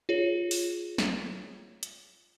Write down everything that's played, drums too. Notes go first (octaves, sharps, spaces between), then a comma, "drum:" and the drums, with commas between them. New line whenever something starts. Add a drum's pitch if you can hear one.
F4 G#4 C#5
drum: open hi-hat
drum: snare
drum: hi-hat